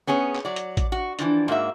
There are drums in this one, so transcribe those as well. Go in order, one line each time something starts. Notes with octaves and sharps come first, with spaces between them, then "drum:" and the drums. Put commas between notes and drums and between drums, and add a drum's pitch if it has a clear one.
B3 C#4 G#4 C#5
drum: clap
F#3 D5
drum: hi-hat
drum: kick A1, hi-hat
F#4
E3 F3 D4, drum: hi-hat
G#2 A#3 F#4 E5